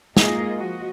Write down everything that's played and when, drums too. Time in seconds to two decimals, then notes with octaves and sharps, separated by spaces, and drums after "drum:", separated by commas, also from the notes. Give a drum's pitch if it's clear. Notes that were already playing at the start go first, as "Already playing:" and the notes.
0.17 G#3 A#3 D#4 F4 G#4 D#5, drum: snare
0.56 F3 F#4 D#5